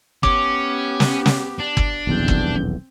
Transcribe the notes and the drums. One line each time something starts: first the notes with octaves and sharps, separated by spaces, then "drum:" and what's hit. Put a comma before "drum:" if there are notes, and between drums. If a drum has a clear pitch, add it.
B3 C#4 G4 D6, drum: kick
drum: snare
drum: snare
D4
drum: kick
D#1 B1 E2 C4 G6
drum: kick